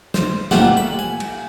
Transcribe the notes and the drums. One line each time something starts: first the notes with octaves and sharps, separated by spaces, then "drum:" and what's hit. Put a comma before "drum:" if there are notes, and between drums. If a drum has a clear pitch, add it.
C5, drum: snare
C2 A#2 A3 A#3 G4 F#5, drum: snare
B5
G#5
drum: cymbal